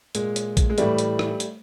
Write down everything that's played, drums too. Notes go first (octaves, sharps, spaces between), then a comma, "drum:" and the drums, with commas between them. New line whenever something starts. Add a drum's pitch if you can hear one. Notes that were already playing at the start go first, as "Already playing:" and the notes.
A#2 G#3, drum: hi-hat
drum: hi-hat
drum: kick A#1, hi-hat
G#3
A2 E3 G3 A3, drum: hi-hat
drum: hi-hat
drum: rim click
drum: hi-hat